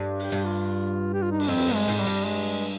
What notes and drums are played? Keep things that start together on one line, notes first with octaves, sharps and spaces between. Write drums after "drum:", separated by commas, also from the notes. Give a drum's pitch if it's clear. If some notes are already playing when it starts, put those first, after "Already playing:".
Already playing: G2
G4, drum: open hi-hat
G2
F4
G4
F4
D#4
D4, drum: cymbal
F2 C4
drum: cymbal
G2
G#3
G#2
G3
G2
G#3